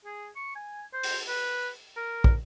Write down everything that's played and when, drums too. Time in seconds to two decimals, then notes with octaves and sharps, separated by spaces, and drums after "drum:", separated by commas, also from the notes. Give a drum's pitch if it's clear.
0.05 G#4
0.36 C#6
0.56 G#5
0.94 C5
1.03 drum: open hi-hat
1.28 B4
1.97 A#4
2.24 drum: kick